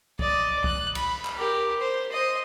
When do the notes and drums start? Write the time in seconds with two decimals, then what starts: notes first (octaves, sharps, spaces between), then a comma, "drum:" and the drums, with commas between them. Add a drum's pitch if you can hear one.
0.19 D5 D#5, drum: kick
0.64 F#6, drum: kick
0.95 B5, drum: cymbal
1.25 drum: clap
1.37 G4 A#4
1.80 C5
2.12 C5 D#5